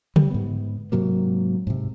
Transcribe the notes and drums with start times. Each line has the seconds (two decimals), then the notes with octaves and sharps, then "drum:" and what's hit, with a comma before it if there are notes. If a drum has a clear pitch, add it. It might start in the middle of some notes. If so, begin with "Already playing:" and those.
0.16 G3, drum: tom C#3
0.31 G#2 B3
0.92 G#2 C3 F#3 A#3
1.67 G#2 C3